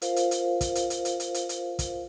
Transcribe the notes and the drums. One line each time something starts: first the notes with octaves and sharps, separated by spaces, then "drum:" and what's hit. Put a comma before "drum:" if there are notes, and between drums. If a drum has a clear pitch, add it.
F4 A#4 C5 F5, drum: hi-hat
drum: hi-hat
drum: hi-hat
drum: kick, hi-hat
drum: hi-hat
drum: hi-hat
drum: hi-hat
drum: hi-hat
drum: hi-hat
drum: hi-hat
drum: kick, hi-hat